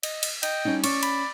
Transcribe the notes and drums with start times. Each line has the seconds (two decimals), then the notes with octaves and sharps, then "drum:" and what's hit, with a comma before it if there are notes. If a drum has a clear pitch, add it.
0.03 D#5, drum: cymbal
0.23 drum: cymbal
0.43 D#5 G5, drum: cymbal
0.65 G3 C#4 D#4
0.84 C#4 D5 C#6, drum: cymbal
1.03 B5, drum: cymbal